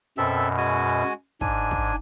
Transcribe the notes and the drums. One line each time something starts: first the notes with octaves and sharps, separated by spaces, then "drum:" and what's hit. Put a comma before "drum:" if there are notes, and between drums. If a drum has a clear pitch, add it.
F#2 B2 C4 A4 E5
G#3 F#4 G#5
G#2 D4 G#5, drum: kick
drum: kick